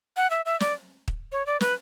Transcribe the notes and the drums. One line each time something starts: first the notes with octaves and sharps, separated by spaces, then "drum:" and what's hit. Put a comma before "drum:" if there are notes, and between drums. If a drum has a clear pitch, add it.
F#5
E5
E5
D5, drum: snare
drum: kick
C#5
D5
B4, drum: snare